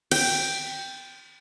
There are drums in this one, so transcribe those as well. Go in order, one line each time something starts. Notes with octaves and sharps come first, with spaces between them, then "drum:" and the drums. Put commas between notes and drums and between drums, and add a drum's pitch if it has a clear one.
G5, drum: cymbal